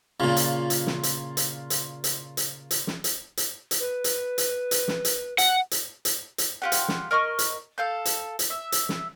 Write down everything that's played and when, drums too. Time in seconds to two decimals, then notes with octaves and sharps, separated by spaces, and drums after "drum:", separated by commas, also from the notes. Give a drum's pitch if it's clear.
0.20 A#2 C#3 F4
0.37 drum: hi-hat
0.70 drum: hi-hat
0.87 drum: snare
1.03 drum: hi-hat
1.37 drum: hi-hat
1.70 drum: hi-hat
2.04 drum: hi-hat
2.37 drum: hi-hat
2.71 drum: hi-hat
2.87 drum: snare
3.04 drum: hi-hat
3.37 drum: hi-hat
3.71 drum: hi-hat
3.80 B4
4.04 drum: hi-hat
4.38 drum: hi-hat
4.71 drum: hi-hat
4.88 drum: snare
5.05 drum: hi-hat
5.38 F#5, drum: hi-hat
5.71 drum: hi-hat
6.05 drum: hi-hat
6.38 drum: hi-hat
6.62 F4 G4 F#5
6.72 drum: hi-hat
6.88 drum: snare
7.11 A#4 D#5 C#6 F6
7.39 drum: hi-hat
7.78 A4 F5 G6
8.05 drum: hi-hat
8.39 drum: hi-hat
8.50 E5
8.72 drum: hi-hat
8.89 drum: snare